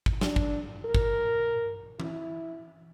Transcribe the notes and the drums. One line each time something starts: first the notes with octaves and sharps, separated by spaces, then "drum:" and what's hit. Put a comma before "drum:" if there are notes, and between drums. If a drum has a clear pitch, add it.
drum: kick
D4, drum: snare
drum: kick
A#4
drum: kick
E4, drum: tom E3